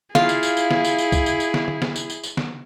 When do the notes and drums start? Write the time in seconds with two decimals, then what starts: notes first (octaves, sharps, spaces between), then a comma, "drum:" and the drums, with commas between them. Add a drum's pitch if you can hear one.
0.15 E4 F4 G#4 F5, drum: snare
0.29 drum: tambourine
0.43 drum: tambourine
0.57 drum: tambourine
0.71 drum: snare
0.84 drum: tambourine
0.98 drum: tambourine
1.12 drum: kick, tambourine
1.26 drum: tambourine
1.40 drum: tambourine
1.54 drum: snare
1.68 drum: tom D3
1.82 drum: snare
1.96 drum: tambourine
2.10 drum: tambourine
2.23 drum: tambourine
2.37 drum: snare